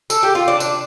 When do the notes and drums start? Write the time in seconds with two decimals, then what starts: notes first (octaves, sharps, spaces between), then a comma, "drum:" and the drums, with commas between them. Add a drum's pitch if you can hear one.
0.10 A4, drum: tambourine
0.23 G4
0.35 F4
0.48 D4
0.60 D4, drum: tambourine